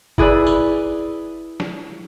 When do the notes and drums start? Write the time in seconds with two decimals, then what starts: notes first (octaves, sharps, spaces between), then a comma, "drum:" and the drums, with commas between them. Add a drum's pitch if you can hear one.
0.18 E4 G#4 B4 D5 B5, drum: kick F#1
0.46 drum: tambourine
1.60 drum: snare